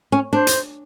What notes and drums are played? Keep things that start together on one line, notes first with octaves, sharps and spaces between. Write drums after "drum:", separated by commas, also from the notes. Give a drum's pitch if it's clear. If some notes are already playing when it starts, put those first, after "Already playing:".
C#4
D4 C5
drum: hi-hat